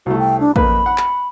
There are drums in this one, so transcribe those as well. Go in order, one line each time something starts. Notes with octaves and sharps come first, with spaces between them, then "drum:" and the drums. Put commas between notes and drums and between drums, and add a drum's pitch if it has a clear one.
C2 A3 F#4
G5
D4
F2 A#3 B4 B5, drum: kick
F#5
drum: clap